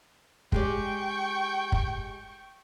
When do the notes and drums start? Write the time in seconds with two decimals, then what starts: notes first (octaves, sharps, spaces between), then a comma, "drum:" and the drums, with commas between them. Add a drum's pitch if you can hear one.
0.52 G#3 G4 D5 G5 C#6, drum: kick
1.72 drum: kick